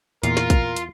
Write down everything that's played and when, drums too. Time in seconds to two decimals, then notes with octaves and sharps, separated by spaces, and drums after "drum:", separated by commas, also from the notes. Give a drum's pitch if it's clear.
0.23 E2 A#2 F4 A#4, drum: hi-hat
0.37 drum: snare
0.50 drum: kick, hi-hat
0.76 drum: hi-hat